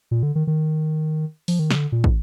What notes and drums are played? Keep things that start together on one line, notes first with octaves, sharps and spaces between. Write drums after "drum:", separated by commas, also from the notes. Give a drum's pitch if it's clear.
A#2
D3
D#3
D#3
F3, drum: open hi-hat
D#3
C3, drum: snare
D3
A#2
A2, drum: kick